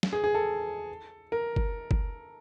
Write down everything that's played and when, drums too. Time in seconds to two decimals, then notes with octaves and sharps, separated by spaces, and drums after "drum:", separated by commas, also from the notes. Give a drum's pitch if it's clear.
0.03 drum: snare
0.13 G#4
0.24 G#4
0.35 A4
1.32 A#4
1.56 drum: kick
1.91 drum: kick